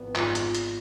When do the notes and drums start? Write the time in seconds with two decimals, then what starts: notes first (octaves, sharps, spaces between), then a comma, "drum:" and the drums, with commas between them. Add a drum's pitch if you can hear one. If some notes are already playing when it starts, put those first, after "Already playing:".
Already playing: G#1 F3 B3
0.16 G#2 F4, drum: clap
0.35 drum: hi-hat
0.55 drum: hi-hat